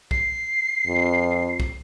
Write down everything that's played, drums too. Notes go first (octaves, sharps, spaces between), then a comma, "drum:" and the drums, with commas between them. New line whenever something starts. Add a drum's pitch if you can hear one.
C7, drum: kick
F2
drum: kick